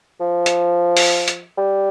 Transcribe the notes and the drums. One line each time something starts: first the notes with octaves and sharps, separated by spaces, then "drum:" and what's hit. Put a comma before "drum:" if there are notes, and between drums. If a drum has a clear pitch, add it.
F3
drum: hi-hat
drum: open hi-hat
drum: hi-hat
G3